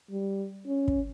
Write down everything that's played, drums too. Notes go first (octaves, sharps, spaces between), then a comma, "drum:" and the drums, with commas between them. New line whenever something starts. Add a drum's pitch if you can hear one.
G3
C#4
drum: kick